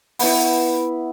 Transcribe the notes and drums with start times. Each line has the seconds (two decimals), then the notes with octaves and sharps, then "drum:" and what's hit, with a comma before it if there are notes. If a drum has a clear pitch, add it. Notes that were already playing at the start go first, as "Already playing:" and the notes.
0.19 B3 E4, drum: open hi-hat